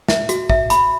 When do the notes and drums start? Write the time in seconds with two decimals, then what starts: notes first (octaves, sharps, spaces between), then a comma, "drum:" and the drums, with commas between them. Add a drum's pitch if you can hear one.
0.08 E5, drum: snare
0.29 F#4, drum: hi-hat
0.50 E5, drum: kick
0.70 B5, drum: hi-hat